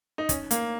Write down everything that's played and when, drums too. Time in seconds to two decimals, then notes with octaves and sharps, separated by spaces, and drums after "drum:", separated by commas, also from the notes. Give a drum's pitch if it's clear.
0.18 D#4
0.29 C#4, drum: kick, hi-hat
0.51 A#3, drum: hi-hat